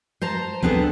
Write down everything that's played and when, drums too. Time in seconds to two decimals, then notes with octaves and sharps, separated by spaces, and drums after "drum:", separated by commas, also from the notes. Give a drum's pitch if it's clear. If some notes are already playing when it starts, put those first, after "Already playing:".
0.22 C5 A5 A#5
0.63 B3 C4 D4 G#4 A4, drum: kick B1